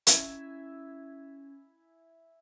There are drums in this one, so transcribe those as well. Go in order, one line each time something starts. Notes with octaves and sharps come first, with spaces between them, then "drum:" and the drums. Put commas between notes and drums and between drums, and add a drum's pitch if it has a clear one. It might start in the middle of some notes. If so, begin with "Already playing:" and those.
C#4 E4 E5 G#5, drum: hi-hat